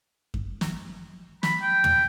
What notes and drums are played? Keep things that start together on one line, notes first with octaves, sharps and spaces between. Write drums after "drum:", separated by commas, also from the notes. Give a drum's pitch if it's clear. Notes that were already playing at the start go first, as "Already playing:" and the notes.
drum: kick F#2
drum: snare
B5, drum: snare
G5
drum: tom